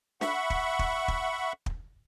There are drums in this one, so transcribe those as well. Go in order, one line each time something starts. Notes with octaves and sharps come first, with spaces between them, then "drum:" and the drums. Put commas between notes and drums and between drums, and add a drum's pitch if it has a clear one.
E5 F#5 B5 C#6, drum: snare
drum: kick
drum: kick
drum: kick
drum: kick